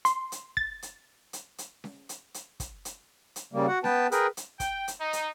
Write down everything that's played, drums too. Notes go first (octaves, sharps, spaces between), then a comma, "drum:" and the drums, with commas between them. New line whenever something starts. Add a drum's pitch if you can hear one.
C6, drum: hi-hat
drum: hi-hat
A6, drum: kick
drum: hi-hat
drum: hi-hat
drum: hi-hat
drum: snare C#4
drum: hi-hat
drum: hi-hat
drum: kick, hi-hat
drum: hi-hat
drum: hi-hat
C#3 G3 A#3
F#4 F#5
B3 B4 G5 A5, drum: snare C#4
G#4 A#4 B4 G5, drum: hi-hat
drum: hi-hat
G5, drum: kick, hi-hat
drum: hi-hat
D#4
drum: hi-hat